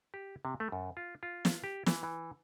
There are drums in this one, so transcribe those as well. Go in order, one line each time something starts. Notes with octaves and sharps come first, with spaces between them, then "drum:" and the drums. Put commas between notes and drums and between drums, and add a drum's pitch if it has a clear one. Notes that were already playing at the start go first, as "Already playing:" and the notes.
G4
C3
A3
F#2
F4
F4
drum: snare
G4
E3, drum: snare
E3